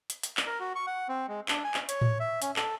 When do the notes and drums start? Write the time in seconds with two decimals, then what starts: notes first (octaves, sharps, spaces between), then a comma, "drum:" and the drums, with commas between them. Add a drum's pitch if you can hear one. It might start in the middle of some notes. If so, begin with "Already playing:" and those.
0.10 drum: hi-hat
0.23 drum: hi-hat
0.37 drum: clap
0.47 A#4
0.60 F#4
0.75 C#6
0.87 F#5
1.09 C4
1.28 G#3
1.48 D4, drum: clap
1.64 G#5
1.74 drum: clap
1.89 C#5, drum: hi-hat
2.01 drum: tom A2
2.20 E5
2.42 C#4, drum: hi-hat
2.56 A4, drum: clap